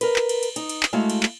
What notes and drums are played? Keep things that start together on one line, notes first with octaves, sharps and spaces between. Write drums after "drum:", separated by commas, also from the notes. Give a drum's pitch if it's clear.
A#4 B4, drum: cymbal
drum: clap
drum: cymbal
drum: cymbal
D#4, drum: cymbal
drum: cymbal
drum: clap
G#3 A3 E4 F#4 F5
drum: cymbal
drum: clap